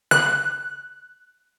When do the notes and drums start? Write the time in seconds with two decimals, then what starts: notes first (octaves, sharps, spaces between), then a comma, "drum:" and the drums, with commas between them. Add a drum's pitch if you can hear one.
0.11 F#6, drum: snare